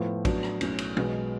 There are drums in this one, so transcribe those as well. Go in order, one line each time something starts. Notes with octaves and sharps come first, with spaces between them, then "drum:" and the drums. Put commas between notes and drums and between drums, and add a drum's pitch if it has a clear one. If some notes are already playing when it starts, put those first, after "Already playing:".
Already playing: A2 F3 B3 F4
A2 F#3 B3 D4 F#4, drum: kick, cymbal
drum: rim click
B1 A2 F#3 C#4, drum: cymbal
drum: cymbal
B1 B2 G#3 B3, drum: tom